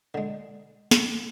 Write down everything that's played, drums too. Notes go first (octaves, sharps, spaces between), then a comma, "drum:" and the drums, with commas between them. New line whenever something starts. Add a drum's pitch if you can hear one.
D3 G#3
drum: snare